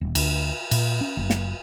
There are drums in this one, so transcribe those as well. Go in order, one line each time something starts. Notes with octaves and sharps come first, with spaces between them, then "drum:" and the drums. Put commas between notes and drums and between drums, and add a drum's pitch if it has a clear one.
D#1
D2, drum: cymbal
A#2, drum: cymbal
C#4
F#1
drum: snare